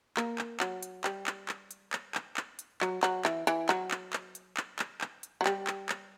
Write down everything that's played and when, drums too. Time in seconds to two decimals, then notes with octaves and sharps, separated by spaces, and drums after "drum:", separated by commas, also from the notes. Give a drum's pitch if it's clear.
0.17 A#3, drum: clap
0.38 drum: clap
0.60 F#3, drum: clap
0.83 drum: hi-hat
1.04 G3, drum: clap
1.27 drum: clap
1.49 drum: clap
1.71 drum: hi-hat
1.93 drum: clap
2.15 drum: clap
2.37 drum: clap
2.59 drum: hi-hat
2.81 F#3, drum: clap
3.03 F#3, drum: clap
3.25 E3, drum: clap
3.47 E3, drum: hi-hat
3.69 F#3, drum: clap
3.91 drum: clap
4.13 drum: clap
4.35 drum: hi-hat
4.57 drum: clap
4.79 drum: clap
5.01 drum: clap
5.23 drum: hi-hat
5.41 F#3
5.46 G3, drum: clap
5.67 drum: clap
5.89 drum: clap